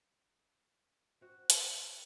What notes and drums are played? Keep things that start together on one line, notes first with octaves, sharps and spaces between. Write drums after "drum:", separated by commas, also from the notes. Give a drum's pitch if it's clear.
C4 F#4
drum: hi-hat